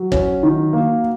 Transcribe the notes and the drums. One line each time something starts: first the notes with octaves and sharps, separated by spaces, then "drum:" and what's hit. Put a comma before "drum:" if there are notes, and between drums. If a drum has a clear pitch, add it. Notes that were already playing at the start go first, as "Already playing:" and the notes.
Already playing: F#3
C#4, drum: kick
D#3
A#3